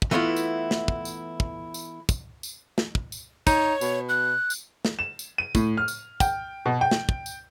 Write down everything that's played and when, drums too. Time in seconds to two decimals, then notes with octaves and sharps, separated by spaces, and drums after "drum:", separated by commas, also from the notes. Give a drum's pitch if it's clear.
0.02 drum: kick
0.11 E3 A3 B3 E4 F4
0.36 drum: tambourine
0.71 drum: snare
0.88 drum: kick
1.05 drum: tambourine
1.40 drum: kick
1.74 drum: tambourine
2.09 drum: kick, tambourine
2.43 drum: tambourine
2.78 drum: snare
2.95 drum: kick
3.12 drum: tambourine
3.47 D#4 C#5, drum: kick, tambourine
3.81 B2, drum: tambourine
4.09 F#6
4.50 drum: tambourine
4.85 drum: snare
4.99 E7
5.19 drum: tambourine
5.38 D#7
5.55 A2, drum: kick, tambourine
5.77 F6
5.88 drum: tambourine
6.20 G5, drum: kick, tambourine
6.66 B2
6.81 G5
6.91 drum: snare
7.09 drum: kick
7.26 drum: tambourine